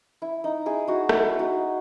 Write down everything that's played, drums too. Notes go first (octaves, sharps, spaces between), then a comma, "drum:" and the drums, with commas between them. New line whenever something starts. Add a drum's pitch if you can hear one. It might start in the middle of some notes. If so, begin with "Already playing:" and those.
E4
D#4
E4 G#4
D#4 F#4
E4, drum: rim click
D#4 F#4